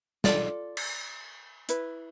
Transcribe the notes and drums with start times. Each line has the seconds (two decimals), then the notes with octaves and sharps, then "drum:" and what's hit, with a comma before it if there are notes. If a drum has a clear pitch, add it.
0.24 F4 A4 D5, drum: snare
0.77 drum: cymbal
1.69 E4 B4, drum: hi-hat